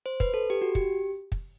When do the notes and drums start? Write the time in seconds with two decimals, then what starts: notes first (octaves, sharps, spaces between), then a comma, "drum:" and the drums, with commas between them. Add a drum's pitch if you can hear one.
0.06 C5
0.20 B4, drum: kick
0.34 A4
0.50 G4
0.62 F#4
0.75 G4, drum: kick
1.32 drum: kick